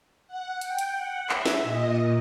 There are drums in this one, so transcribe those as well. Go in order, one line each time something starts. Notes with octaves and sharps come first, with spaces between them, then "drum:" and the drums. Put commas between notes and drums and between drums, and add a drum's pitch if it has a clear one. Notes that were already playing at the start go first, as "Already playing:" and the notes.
F#5
G5, drum: hi-hat
drum: hi-hat
F#5
E5, drum: clap
drum: snare
A#2 D#5